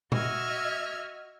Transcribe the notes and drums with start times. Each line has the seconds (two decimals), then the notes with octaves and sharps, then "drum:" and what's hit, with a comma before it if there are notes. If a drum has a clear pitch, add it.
0.12 F#4 D#5 E5 F6 G#6, drum: tom